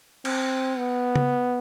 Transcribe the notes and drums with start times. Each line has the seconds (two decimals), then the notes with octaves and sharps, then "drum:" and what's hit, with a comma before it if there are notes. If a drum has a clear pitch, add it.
0.25 C4, drum: cymbal
0.78 B3
1.16 drum: tom C#3